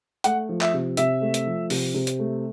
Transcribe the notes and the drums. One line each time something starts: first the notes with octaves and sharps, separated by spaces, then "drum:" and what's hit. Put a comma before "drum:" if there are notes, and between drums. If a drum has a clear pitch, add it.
A3 F#5, drum: hi-hat
F3
E5, drum: clap
C3
C3 E5, drum: hi-hat
A3
drum: hi-hat
F3
C3, drum: open hi-hat
C3
drum: hi-hat
A3